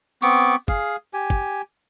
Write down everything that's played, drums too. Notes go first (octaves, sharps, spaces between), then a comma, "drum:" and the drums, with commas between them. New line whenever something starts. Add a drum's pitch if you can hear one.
B3 C4 C#6 D6, drum: open hi-hat
G#4 F5, drum: kick
G4 G#5
drum: kick